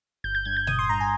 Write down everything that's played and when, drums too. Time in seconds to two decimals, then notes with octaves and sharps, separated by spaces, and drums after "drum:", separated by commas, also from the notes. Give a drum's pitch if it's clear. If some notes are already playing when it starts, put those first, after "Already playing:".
0.24 G1 G6
0.35 G6
0.45 G2 G#6
0.57 G6
0.67 G1 D#6, drum: tom A#2
0.79 C6
0.89 G2 A#5
1.00 G#5